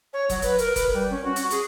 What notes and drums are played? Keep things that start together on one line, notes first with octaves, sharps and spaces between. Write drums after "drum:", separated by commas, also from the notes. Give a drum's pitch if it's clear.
C#5
F#3, drum: kick F#1, hi-hat
B4, drum: hi-hat
A#4, drum: hi-hat
B4, drum: kick F#1, hi-hat
G3
C#4
F#4
drum: hi-hat
G#4, drum: hi-hat